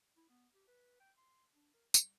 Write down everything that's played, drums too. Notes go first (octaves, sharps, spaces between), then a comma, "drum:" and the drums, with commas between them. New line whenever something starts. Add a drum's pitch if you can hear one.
E4
B3
G4
B4
G5
C6
D4
A#4
G3, drum: tambourine